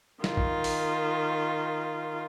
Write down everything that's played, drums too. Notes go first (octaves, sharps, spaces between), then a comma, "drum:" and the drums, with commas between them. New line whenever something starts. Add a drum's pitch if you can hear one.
D#3 F4, drum: snare
drum: kick
drum: open hi-hat